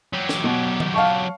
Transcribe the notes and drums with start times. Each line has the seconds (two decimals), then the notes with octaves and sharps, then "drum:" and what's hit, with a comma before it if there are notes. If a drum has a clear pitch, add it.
0.13 F#3 G4
0.29 drum: snare
0.44 B2
0.80 drum: tom
0.94 F5 A5 C#6